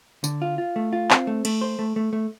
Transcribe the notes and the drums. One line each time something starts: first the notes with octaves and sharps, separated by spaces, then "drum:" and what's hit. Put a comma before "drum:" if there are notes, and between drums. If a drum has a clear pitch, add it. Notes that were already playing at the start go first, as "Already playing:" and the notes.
D3, drum: tambourine
F4
F4
A3
F4
C4, drum: clap
A3
A3, drum: cymbal
C5
A3
A3
A3